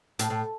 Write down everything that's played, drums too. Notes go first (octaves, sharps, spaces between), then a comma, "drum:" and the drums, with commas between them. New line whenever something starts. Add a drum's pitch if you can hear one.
A2, drum: hi-hat
A2